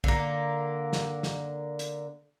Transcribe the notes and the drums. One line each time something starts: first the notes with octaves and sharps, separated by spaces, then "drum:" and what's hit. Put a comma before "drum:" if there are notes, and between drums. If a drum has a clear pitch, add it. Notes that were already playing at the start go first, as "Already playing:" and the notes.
D3 A#3, drum: kick
drum: snare
drum: snare
drum: hi-hat